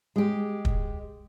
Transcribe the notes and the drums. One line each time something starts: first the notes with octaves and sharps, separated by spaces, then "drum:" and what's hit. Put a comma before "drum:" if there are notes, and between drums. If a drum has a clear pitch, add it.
G#3 G4
drum: kick